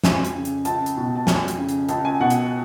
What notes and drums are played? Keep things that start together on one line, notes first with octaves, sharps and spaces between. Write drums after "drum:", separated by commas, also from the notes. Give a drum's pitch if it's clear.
F2 G#5, drum: snare
drum: hi-hat
C#3
drum: hi-hat
C#2 A5, drum: hi-hat
drum: hi-hat
B2
A5
F2 G#5, drum: snare
drum: hi-hat
C#3
drum: hi-hat
C#2 A5, drum: hi-hat
G#5
B2 F#5
drum: hi-hat